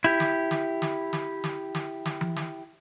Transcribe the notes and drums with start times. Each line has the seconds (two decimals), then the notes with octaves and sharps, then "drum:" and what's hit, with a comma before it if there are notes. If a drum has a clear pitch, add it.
0.04 E4 G4
0.20 drum: snare
0.51 drum: snare
0.82 drum: snare
1.13 drum: snare
1.44 drum: snare
1.75 drum: snare
2.05 drum: snare
2.21 drum: tom E3
2.36 drum: snare